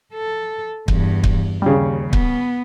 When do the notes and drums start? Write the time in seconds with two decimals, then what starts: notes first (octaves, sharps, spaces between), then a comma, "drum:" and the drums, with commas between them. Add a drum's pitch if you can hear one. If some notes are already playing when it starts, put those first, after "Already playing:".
0.14 A4
0.88 E2 G2, drum: kick
1.24 drum: kick
1.62 D#2 C#3 G3
2.13 B3, drum: kick